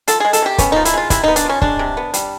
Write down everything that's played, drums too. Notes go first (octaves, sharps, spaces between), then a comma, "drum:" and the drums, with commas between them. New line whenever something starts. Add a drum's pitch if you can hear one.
F3 A4, drum: hi-hat
G#3 G#4
A4, drum: hi-hat
C3 G4
B3 C#4, drum: kick, hi-hat
F3 D#4
E4, drum: hi-hat
G#3 F4
C3 E4, drum: kick, hi-hat
B3 D#4
D4, drum: hi-hat
F3 C#4
G#3 D4, drum: kick
C3
B3
G3, drum: hi-hat